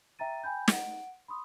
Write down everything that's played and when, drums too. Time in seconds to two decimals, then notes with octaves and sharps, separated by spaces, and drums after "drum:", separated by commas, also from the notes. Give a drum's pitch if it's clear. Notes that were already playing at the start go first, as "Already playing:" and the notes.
0.19 E5 G5 A#5 A6 D#7
0.44 G5 G#5 B5 G6
0.68 F#5 D7, drum: snare
1.28 B5 C6 D#6